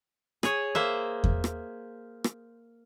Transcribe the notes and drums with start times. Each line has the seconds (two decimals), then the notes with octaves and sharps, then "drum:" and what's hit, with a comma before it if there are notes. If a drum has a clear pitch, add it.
0.43 G#4 C#5, drum: rim click
0.75 A#3 C5 E5
1.24 drum: kick E2
1.44 drum: rim click
2.24 drum: rim click